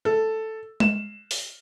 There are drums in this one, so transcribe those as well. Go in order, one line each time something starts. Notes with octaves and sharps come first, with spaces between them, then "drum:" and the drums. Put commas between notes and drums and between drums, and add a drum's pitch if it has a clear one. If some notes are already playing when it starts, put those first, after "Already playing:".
A4
E7, drum: tom G#3
drum: open hi-hat